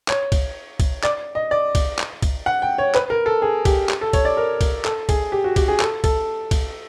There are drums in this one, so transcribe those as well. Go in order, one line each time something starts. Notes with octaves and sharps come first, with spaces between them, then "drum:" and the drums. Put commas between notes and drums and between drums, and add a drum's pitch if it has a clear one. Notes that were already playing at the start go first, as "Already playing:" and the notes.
C#5, drum: clap
drum: kick C2, cymbal
drum: kick C2, cymbal
D5, drum: clap
D#5
D5
drum: kick C2, cymbal
drum: clap
drum: kick C2, cymbal
F#5
G5
C#5
B4, drum: clap
A#4
A4
G#4
G4, drum: kick C2, cymbal
drum: clap
A4
C#5, drum: kick C2, cymbal
D5
A#4
drum: kick C2, cymbal
A4, drum: clap
G#4, drum: kick C2, cymbal
G4
F#4
G4, drum: kick C2, cymbal
G#4
A4, drum: clap
A4, drum: kick C2, cymbal
drum: kick C2, cymbal